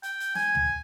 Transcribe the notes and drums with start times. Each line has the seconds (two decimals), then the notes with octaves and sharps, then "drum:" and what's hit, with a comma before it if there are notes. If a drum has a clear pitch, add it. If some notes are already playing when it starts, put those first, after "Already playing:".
0.03 G5, drum: hi-hat
0.20 drum: hi-hat
0.35 G#5, drum: snare
0.55 drum: tom